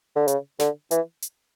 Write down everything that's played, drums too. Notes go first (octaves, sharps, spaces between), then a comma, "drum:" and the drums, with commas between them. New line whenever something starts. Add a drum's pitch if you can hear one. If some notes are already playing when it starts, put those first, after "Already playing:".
D3
C#3, drum: hi-hat
D3, drum: snare
E3, drum: hi-hat
drum: hi-hat